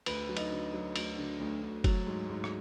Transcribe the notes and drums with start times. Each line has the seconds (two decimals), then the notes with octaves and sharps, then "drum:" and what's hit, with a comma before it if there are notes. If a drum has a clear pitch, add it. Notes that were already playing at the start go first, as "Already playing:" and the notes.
0.06 D2 B4, drum: cymbal
0.29 F#3
0.37 D#4, drum: cymbal
0.51 D3
0.74 F#3
0.96 D2, drum: cymbal
1.17 D3
1.40 D2
1.62 D2
1.84 F#3, drum: kick, cymbal
2.07 G#2
2.29 G#2
2.44 drum: rim click